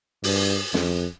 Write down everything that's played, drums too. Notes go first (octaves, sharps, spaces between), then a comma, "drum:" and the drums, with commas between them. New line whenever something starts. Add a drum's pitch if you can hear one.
G2, drum: open hi-hat
F2, drum: snare